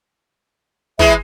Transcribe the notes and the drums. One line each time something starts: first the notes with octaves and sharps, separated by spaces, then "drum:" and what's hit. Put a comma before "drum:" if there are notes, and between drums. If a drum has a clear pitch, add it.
E3 G#3 E4 E5, drum: kick